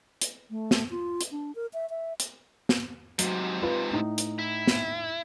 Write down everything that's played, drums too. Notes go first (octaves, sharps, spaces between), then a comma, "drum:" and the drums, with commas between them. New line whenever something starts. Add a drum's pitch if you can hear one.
drum: hi-hat
A3
drum: snare
F4
drum: hi-hat
D4
A#4
E5
E5
drum: hi-hat
drum: snare
G#2 C3 F#3, drum: hi-hat
F4 B4
A2 D#4
drum: hi-hat
E4
drum: snare